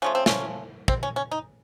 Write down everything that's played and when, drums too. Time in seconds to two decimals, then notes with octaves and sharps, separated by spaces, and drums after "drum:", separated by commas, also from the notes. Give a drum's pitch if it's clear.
0.02 C#3 F3 A3 C#4
0.15 C4
0.26 C#4, drum: snare
0.88 C4, drum: kick
1.03 C#4
1.16 C#4
1.31 D#4